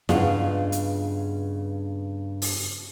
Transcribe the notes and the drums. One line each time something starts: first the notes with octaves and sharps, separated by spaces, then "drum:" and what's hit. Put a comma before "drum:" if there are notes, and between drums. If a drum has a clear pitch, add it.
G2 C#3 G#3 B3 F4, drum: snare E4
drum: hi-hat
drum: open hi-hat